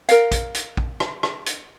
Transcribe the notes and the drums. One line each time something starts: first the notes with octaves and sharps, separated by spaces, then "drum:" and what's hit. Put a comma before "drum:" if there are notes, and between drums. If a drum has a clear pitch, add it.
A#4 F5, drum: hi-hat
drum: kick A#1, hi-hat
drum: hi-hat
drum: kick A#1
drum: rim click
drum: rim click
drum: hi-hat